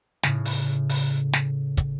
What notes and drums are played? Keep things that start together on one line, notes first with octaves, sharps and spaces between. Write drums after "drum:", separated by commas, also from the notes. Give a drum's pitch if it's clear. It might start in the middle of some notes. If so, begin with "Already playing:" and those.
A2 C#3, drum: snare
drum: open hi-hat
drum: open hi-hat
drum: snare
drum: kick, hi-hat